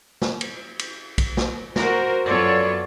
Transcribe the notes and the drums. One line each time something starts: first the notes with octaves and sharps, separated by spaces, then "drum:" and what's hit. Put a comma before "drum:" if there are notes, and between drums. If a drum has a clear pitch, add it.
drum: snare
drum: cymbal
drum: cymbal
drum: kick B1, cymbal
drum: snare
F#4 A#4 C5, drum: snare
F#2 B3 F4 A4 C#5 D5